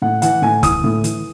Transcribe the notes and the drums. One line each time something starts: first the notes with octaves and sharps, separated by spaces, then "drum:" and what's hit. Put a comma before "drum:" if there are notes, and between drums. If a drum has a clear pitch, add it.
A2 F#5
E3 F#5, drum: hi-hat
A2 G#5
E3 D#6, drum: kick, hi-hat
A2
E3, drum: hi-hat